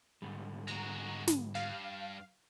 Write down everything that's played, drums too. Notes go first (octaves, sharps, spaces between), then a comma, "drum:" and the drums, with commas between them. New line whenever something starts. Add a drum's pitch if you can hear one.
G#2 D3 G3
G#3 F#4 A#5
drum: snare
G2 F5